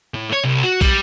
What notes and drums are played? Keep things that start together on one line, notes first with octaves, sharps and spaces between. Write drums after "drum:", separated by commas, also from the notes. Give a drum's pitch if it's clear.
A2
C#5
C2
F#4
G3, drum: kick, tambourine